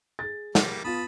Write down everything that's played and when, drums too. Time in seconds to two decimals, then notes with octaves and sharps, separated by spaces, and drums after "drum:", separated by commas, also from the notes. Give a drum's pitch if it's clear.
0.19 G#4 A6
0.55 G3 A3 A#3, drum: snare
0.85 B3 F4 A5 B5 D#6